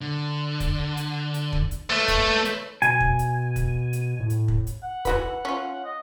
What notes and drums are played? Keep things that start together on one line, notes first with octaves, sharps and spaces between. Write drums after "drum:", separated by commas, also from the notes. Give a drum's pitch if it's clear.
D3
drum: kick, hi-hat
drum: hi-hat
drum: hi-hat
drum: kick
drum: hi-hat
A3 B4 C#5
drum: kick, hi-hat
drum: hi-hat
B2 G#5, drum: hi-hat
drum: kick
drum: hi-hat
drum: kick, hi-hat
drum: hi-hat
A2
drum: hi-hat
drum: kick
drum: hi-hat
F#5
E3 F#4 B4, drum: kick, hi-hat
C#4 F4
D#5